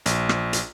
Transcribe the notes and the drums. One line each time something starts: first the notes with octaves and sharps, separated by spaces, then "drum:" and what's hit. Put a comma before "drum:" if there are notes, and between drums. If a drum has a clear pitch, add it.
A#1, drum: hi-hat
drum: rim click
drum: hi-hat